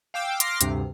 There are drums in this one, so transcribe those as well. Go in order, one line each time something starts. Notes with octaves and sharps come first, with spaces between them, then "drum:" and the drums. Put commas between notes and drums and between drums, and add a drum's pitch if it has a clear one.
F5 G5 D6 E6
C6 D6 F6 A#6 C7, drum: hi-hat
D2 G2 C3, drum: hi-hat